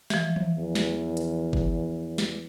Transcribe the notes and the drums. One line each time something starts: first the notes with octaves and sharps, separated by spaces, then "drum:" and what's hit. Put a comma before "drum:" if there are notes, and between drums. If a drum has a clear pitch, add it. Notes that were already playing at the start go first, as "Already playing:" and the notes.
E3 F3, drum: snare
drum: tom E3
E2
drum: snare
drum: hi-hat
drum: kick G1
drum: snare